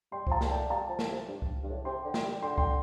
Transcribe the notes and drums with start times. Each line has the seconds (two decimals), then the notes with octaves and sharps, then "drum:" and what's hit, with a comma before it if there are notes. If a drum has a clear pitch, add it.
0.12 G3 G5 C6
0.27 F3, drum: kick C2
0.31 F5 A5
0.41 G3, drum: snare
0.51 A3 D5 G5
0.70 G3 F5 A5
0.89 F3
0.99 drum: snare
1.08 C3
1.28 G2
1.42 drum: kick C2
1.63 G2
1.70 A2
1.85 C3 G5 C6
2.04 D3
2.14 drum: snare
2.24 G3
2.42 D3 G5 C6
2.58 G5 C6, drum: kick C2